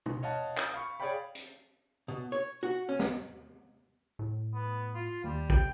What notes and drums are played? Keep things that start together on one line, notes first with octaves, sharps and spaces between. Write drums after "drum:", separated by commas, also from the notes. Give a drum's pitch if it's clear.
drum: tom
C#5 D#5 F5 F#5 A5
D#6, drum: clap
F5 B5 C#6
G#4 C#5 D5 F5 G5 B5
drum: hi-hat
B2
C#5
F#4
C#4
drum: snare
A2
B3
F4
D#2 G3
C3 G5, drum: kick